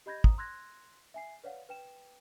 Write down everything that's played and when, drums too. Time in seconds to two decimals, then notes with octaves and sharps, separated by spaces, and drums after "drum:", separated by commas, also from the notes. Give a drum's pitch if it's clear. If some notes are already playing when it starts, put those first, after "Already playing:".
0.06 G4 D#5 B5 G6 G#6 A#6
0.24 A#5 D#6, drum: kick
0.38 C6 E6 F#6 G#6 A#6
1.14 E5 G#5 C7
1.44 B4 C#5 D5 F5 F#5
1.69 B4 G5 E7